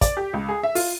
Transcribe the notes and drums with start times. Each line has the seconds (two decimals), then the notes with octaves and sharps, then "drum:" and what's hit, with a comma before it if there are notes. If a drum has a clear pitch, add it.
0.01 D5, drum: kick, hi-hat
0.17 G4
0.33 C#2
0.49 G#4
0.63 E5
0.75 F4, drum: open hi-hat